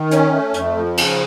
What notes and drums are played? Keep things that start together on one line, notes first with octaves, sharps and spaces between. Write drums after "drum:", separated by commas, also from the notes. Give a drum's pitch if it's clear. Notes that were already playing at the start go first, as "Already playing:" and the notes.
Already playing: D#3
C#4, drum: hi-hat
A3
F2, drum: hi-hat
F3
C#3, drum: cymbal